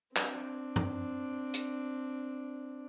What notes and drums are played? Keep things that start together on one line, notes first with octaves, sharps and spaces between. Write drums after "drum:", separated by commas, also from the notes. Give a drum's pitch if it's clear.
C4 D4, drum: clap
drum: tom G2
drum: hi-hat